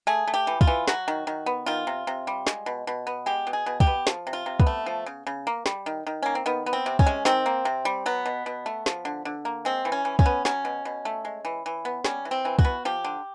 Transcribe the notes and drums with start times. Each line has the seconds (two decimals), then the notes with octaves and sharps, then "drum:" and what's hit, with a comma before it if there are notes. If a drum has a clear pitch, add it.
0.07 A3 G#4
0.27 A3
0.34 G4
0.47 E3
0.61 F4, drum: kick
0.67 E3
0.88 F#3 F#4, drum: snare
1.08 D#3
1.27 D#3
1.46 B3
1.66 D#3 F4
1.87 C3
2.07 C3
2.27 G3
2.47 G#3, drum: snare
2.66 B2
2.87 B2
3.07 B3
3.26 G#3 G4
3.47 B2
3.53 G#4
3.66 B2
3.80 G4, drum: kick
3.87 B3
4.07 F3, drum: snare
4.27 C3
4.33 F4
4.46 C3
4.60 B3, drum: kick
4.66 A3
4.86 F3
5.06 C#3
5.27 C#3
5.47 A#3
5.66 G3, drum: snare
5.86 D#3
6.06 D#3
6.22 A#3 C#4
6.35 C4
6.46 D#3 B3
6.66 B3
6.73 C4
6.86 C3
6.99 C#4, drum: kick
7.06 G#3
7.25 D#3 C4, drum: snare
7.46 A#3
7.65 C3
7.85 G3
8.06 F#3 B3
8.26 B2
8.46 B2
8.66 A3
8.86 F3, drum: snare
9.05 D3
9.25 D3
9.45 A#3
9.65 G#3 C4
9.85 E3
9.92 C#4
10.05 E3
10.19 C#4, drum: kick
10.26 B3
10.45 F#3 C#4, drum: snare
10.65 B2
10.85 B2
11.05 A3
11.25 G#3
11.45 E3
11.66 E3
11.85 B3
12.05 G3 C#4, drum: snare
12.25 E3
12.31 C4
12.45 E3
12.59 F#4, drum: kick
12.64 B3
12.85 F3 G4
13.04 D3